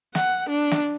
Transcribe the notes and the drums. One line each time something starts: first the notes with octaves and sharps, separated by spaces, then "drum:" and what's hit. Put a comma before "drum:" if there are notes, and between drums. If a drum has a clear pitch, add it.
F#5, drum: snare
D4
drum: snare